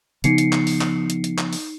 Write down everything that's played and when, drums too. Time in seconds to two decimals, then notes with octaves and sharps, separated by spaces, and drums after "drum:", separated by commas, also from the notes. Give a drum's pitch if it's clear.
0.24 C#3 F3 B3 D#4 C7 C#7, drum: hi-hat
0.38 drum: hi-hat
0.53 drum: clap
0.67 drum: open hi-hat
0.81 drum: clap
1.10 drum: hi-hat
1.24 drum: hi-hat
1.38 drum: clap
1.53 drum: open hi-hat